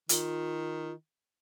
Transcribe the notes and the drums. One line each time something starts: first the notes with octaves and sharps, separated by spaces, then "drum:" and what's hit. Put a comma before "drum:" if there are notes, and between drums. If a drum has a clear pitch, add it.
D#3 F4, drum: hi-hat